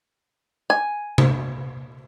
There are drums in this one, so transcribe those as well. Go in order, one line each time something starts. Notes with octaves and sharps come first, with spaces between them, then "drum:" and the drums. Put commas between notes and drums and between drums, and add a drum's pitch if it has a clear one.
G#5
drum: tom C3